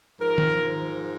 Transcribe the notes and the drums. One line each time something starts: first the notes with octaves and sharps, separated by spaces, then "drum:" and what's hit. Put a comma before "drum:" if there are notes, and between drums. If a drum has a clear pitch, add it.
G#2 F3 A#4
drum: tom